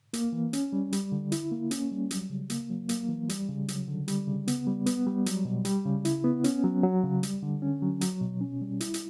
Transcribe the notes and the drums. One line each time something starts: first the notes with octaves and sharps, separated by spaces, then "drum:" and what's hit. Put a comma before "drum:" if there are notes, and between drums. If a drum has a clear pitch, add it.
A#3, drum: hi-hat
E3
C#4, drum: hi-hat
G3
G3, drum: hi-hat
D3
E4, drum: hi-hat
A#3
C#4, drum: hi-hat
G3
F#3, drum: hi-hat
C#3
A#3, drum: hi-hat
F#3
A#3, drum: hi-hat
E3
G3, drum: hi-hat
C#3
F#3, drum: hi-hat
D3
G3, drum: hi-hat
C#3
B3, drum: hi-hat
G3
B3, drum: hi-hat
G3
F#3, drum: hi-hat
B2
G3, drum: hi-hat
C#3
E4, drum: hi-hat
B3
C#4, drum: hi-hat
F#3
F#3
C#3
G3, drum: hi-hat
D3
C#4
F#3
F#3, drum: hi-hat
B2
C#4
G3
E4, drum: hi-hat
drum: hi-hat